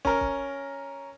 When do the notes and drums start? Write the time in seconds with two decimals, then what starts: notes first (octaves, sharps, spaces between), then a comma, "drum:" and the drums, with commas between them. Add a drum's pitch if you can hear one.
0.05 C#4 A#4, drum: kick
0.21 drum: kick